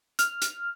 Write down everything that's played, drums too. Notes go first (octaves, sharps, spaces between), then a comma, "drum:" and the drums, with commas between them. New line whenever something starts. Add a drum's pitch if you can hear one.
F6, drum: hi-hat
drum: hi-hat